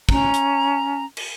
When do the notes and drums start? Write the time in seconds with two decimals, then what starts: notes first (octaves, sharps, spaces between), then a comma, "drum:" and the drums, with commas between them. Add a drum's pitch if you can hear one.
0.09 C#4 A#5, drum: kick
0.34 drum: hi-hat
1.17 drum: cymbal